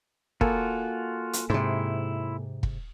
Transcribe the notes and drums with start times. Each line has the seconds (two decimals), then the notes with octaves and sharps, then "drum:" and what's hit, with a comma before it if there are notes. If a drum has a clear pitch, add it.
0.41 A#3 F4 F#4 A4 G#5, drum: kick
1.33 drum: hi-hat
1.50 G#2 C3 E4 C6
2.63 drum: kick